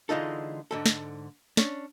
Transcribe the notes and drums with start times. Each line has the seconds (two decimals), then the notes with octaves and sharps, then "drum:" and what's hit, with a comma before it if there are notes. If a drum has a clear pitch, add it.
0.09 D3 E3 G#3 D#4 F4 A4
0.71 G#2 D3 A4
0.86 drum: snare
1.57 C#4 D4, drum: snare